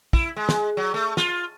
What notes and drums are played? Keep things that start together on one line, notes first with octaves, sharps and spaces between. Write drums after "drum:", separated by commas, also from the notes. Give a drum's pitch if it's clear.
E4, drum: kick
G#3
drum: snare
F#3
A3
F4, drum: snare